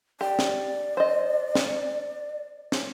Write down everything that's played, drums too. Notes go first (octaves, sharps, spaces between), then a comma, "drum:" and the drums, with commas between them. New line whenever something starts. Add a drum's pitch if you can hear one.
G4 D5
drum: snare
C5 D#5
drum: snare
drum: snare